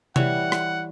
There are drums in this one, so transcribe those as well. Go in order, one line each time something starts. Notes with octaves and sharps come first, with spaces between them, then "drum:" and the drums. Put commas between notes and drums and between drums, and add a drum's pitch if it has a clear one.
E3 G3 C#5 F#5, drum: tom C3
drum: rim click